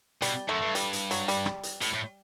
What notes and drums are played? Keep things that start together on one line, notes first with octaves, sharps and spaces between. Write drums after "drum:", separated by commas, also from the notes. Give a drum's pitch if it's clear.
B2 G3, drum: hi-hat
F#2 A3
G2
G3, drum: hi-hat
drum: hi-hat
F#3, drum: hi-hat
G3, drum: hi-hat
drum: rim click
drum: hi-hat
A2, drum: hi-hat
A2